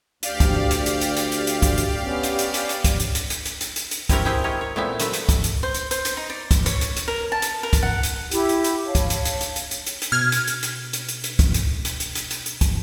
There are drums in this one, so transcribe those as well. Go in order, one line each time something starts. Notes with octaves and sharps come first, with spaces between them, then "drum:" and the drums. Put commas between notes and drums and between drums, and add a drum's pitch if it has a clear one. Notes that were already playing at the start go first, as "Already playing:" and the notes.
D2 G4 D5 F5, drum: hi-hat
drum: kick, hi-hat
drum: hi-hat
drum: hi-hat
drum: hi-hat
drum: hi-hat
drum: hi-hat
drum: hi-hat
drum: kick, hi-hat
drum: hi-hat
B3 C#4
drum: hi-hat
drum: hi-hat
drum: hi-hat
drum: hi-hat
drum: kick, hi-hat
drum: hi-hat
drum: hi-hat
drum: hi-hat
drum: hi-hat
drum: hi-hat
drum: hi-hat
drum: hi-hat
C4 E4 G4 A#4 C#5, drum: kick, hi-hat
C4 E4 G4 G#4 C5 G5
G4 A#4 C#5 D#5
C#5
A#2 A3 B3 C4 E4 E5
F#3 A3 B4 E5, drum: hi-hat
drum: hi-hat
drum: kick, hi-hat
drum: hi-hat
C5
drum: hi-hat
C5, drum: hi-hat
drum: hi-hat
D#4
D5
drum: kick, hi-hat
C#5, drum: hi-hat
drum: hi-hat
drum: hi-hat
A#4
A5
drum: hi-hat
A#4
drum: kick, hi-hat
F#5
drum: hi-hat
E4 G4, drum: hi-hat
drum: hi-hat
drum: hi-hat
C#5 F5 A5
drum: kick, hi-hat
drum: hi-hat
drum: hi-hat
drum: hi-hat
drum: hi-hat
drum: hi-hat
drum: hi-hat
drum: hi-hat
B2 F6 G#6
drum: hi-hat
drum: hi-hat
drum: hi-hat
drum: hi-hat
drum: hi-hat
drum: hi-hat
drum: kick, hi-hat
drum: hi-hat
drum: hi-hat
drum: hi-hat
drum: hi-hat
drum: hi-hat
drum: hi-hat
drum: kick, hi-hat